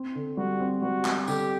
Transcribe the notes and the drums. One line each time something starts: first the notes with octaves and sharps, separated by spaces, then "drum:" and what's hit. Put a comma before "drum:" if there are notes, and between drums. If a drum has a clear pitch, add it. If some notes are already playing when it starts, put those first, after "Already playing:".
Already playing: C4
D3
G3 F#4
C4
G3 F#4
G3, drum: clap
D3 G4, drum: tambourine